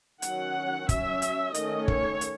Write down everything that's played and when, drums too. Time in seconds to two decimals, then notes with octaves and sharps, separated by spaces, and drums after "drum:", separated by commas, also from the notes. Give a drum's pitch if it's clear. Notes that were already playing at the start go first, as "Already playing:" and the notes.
0.22 D#3 F#3 C#4 F#5, drum: hi-hat
0.89 F#3 C#4 E5, drum: kick, hi-hat
1.22 drum: hi-hat
1.54 D#3 A3 C#4 D#5, drum: hi-hat
1.88 C#5, drum: kick
2.21 drum: hi-hat